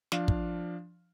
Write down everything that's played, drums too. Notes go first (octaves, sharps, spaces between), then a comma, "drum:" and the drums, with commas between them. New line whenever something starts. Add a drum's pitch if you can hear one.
F3 D4 F5, drum: snare
drum: kick